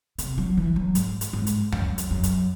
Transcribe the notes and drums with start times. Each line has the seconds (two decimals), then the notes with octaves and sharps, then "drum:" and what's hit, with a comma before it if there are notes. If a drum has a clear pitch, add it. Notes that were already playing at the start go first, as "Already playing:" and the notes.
0.18 C3, drum: hi-hat
0.38 F#3
0.57 E3
0.76 F#3
0.95 G#2, drum: hi-hat
1.21 drum: hi-hat
1.33 G#2
1.47 drum: hi-hat
1.72 F#2, drum: tom
1.98 drum: hi-hat
2.11 F#2
2.23 drum: hi-hat